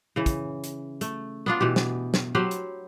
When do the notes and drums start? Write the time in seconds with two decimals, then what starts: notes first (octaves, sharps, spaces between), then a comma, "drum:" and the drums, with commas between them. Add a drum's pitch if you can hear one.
0.16 C#3 E3
0.26 drum: kick, hi-hat
0.64 drum: hi-hat
1.01 A3, drum: hi-hat
1.46 B3 D4 F4
1.61 B2 E3 G4
1.76 drum: snare
2.14 drum: snare
2.35 F#3 G4 B4 C5
2.51 drum: hi-hat